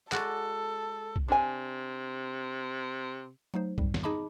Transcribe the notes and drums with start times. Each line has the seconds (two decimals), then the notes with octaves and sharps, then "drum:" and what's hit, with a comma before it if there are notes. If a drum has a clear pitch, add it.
0.12 G#3 F#4 A4 D5, drum: clap
1.16 drum: kick B1
1.28 C3 D4 G#5
3.54 F#3 A3 D#4 C5
3.78 F2 G#2 G3, drum: kick B1
3.94 drum: snare
4.03 D#4 G#4 D#5 A5 B5 D6